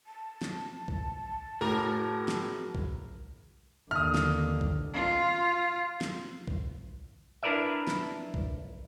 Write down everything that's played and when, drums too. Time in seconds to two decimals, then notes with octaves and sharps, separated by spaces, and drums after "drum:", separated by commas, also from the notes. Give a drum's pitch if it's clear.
0.06 A5
0.42 drum: snare
0.88 drum: kick
1.61 A2 F#4 G#4 A#4
2.28 drum: snare
2.75 drum: kick
3.91 D#2 D3 D#6 F6
4.14 drum: snare
4.61 drum: kick
4.93 F4
6.01 drum: snare
6.48 drum: kick
7.43 D4 E4 A#4 B4 D5 E5
7.87 drum: snare
8.34 drum: kick